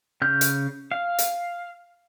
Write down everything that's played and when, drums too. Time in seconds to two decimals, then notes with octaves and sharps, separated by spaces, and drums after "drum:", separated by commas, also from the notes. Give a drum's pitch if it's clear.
0.22 C#3 F6 G6
0.41 drum: hi-hat
0.92 F5
1.19 drum: hi-hat